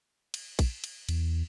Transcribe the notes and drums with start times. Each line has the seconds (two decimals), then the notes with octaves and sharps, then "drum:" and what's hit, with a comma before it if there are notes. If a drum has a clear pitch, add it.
0.34 drum: cymbal
0.59 drum: kick, cymbal
0.84 drum: cymbal
1.09 E2, drum: cymbal